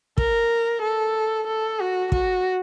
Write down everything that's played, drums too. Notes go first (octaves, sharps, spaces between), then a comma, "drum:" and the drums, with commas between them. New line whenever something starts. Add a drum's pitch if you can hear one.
A#4, drum: kick
A4
A4
F#4
F#4, drum: kick